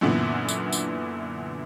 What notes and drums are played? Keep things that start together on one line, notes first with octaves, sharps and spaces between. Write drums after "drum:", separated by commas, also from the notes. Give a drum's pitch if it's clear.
F#2 A#2 D3 E3 B3
drum: tambourine
drum: tambourine